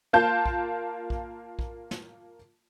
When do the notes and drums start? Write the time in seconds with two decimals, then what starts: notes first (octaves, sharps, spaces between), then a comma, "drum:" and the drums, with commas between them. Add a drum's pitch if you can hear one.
0.13 A#3 F4 A5 G6
0.46 drum: kick A#1
1.10 drum: kick A#1
1.59 drum: kick A#1
1.91 drum: snare